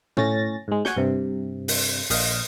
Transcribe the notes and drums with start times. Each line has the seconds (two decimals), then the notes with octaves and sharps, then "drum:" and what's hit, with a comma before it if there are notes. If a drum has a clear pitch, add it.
0.17 A2 C#4 A6 A#6, drum: tom
0.68 G#2 G#3
0.85 F#5 G#5 C#6 G6, drum: snare
0.96 G2 C3
1.68 drum: open hi-hat
2.10 A#1 D#5 F5, drum: open hi-hat